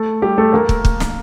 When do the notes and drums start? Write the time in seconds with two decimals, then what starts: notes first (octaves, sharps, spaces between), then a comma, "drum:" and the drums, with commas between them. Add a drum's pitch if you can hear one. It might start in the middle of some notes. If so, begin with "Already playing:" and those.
Already playing: A3 A4
0.22 G3 G4
0.38 A3 A4
0.53 A#3 A#4
0.69 drum: kick
0.85 drum: kick
1.00 drum: snare